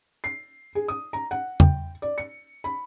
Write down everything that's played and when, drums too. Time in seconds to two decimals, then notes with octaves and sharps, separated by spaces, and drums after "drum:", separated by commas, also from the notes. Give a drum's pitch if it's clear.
0.24 C7
0.75 G#4
0.88 D#6
1.13 A#5
1.31 F#5
1.60 G5, drum: tom E2
2.02 D5
2.18 C#7
2.64 B5